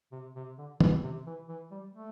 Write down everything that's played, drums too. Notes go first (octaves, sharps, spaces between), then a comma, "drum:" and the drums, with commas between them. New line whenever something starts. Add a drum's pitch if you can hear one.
C3
C3
D3
E3, drum: tom
C3
E3
E3
G3
A3